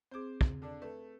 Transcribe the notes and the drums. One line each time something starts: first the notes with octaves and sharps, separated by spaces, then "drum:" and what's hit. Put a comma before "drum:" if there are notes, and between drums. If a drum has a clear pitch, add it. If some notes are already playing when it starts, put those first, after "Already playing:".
C4 G#4 C5 D6
drum: kick
D3 D4
A3 B4